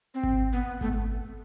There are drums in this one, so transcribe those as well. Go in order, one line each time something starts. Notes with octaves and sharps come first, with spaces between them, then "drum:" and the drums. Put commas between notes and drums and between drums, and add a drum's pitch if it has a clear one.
C4
drum: kick G#1
B3
A3, drum: kick G#1